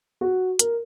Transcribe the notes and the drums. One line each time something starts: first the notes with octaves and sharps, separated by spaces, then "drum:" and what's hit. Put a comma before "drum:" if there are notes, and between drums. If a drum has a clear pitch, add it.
F#4
A#4, drum: hi-hat